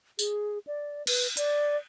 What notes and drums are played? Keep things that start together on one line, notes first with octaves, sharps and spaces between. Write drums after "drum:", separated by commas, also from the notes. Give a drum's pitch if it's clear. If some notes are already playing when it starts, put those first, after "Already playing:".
G#4, drum: tambourine
D5
B4, drum: cymbal
D5, drum: hi-hat